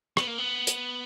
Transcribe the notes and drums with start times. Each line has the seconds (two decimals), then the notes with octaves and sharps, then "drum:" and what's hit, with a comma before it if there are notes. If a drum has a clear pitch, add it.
0.17 B3, drum: rim click
0.27 A#3
0.38 B3
0.67 drum: hi-hat